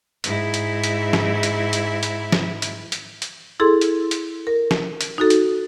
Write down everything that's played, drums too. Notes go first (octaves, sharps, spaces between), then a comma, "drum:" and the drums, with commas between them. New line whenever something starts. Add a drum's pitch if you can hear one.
G#2 E4, drum: hi-hat
drum: hi-hat
drum: hi-hat
drum: snare
drum: hi-hat
drum: hi-hat
drum: hi-hat
drum: snare
drum: hi-hat
drum: hi-hat
drum: hi-hat
E4 G#4 A4 C6
drum: hi-hat
drum: hi-hat
A#4
drum: snare
drum: hi-hat
D#4 F#4 A4
drum: hi-hat